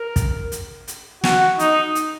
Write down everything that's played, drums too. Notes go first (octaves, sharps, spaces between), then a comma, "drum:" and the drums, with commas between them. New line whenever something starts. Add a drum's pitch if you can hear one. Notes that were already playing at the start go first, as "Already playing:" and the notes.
Already playing: A#4
drum: kick, hi-hat
drum: hi-hat
drum: hi-hat
F#4, drum: snare
D#4, drum: hi-hat
drum: hi-hat